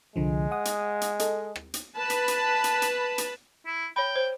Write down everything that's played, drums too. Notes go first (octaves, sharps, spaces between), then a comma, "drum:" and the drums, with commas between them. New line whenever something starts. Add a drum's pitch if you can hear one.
C2 D3 F3 G#3
F#5 D#6
drum: hi-hat
drum: hi-hat
A4 D#5, drum: hi-hat
drum: rim click
drum: hi-hat
B4 A5 B5
drum: hi-hat
drum: hi-hat
drum: hi-hat
drum: hi-hat
drum: hi-hat
E4
C#5 G5 B5
C5